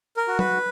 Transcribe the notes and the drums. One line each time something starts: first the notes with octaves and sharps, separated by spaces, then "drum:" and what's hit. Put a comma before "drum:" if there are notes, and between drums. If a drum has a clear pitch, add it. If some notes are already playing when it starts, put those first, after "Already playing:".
A#4
F#4
B4, drum: tom F#3